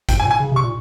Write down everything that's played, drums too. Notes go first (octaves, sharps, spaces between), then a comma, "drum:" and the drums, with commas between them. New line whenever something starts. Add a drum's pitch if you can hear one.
G#2 G5, drum: kick G#1, hi-hat
G#2 G#5
A#2
G#5
C#3
C3 C#6
A#2